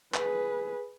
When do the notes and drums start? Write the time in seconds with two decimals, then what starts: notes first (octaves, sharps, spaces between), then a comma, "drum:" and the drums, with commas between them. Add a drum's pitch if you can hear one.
0.14 G#4 B4, drum: clap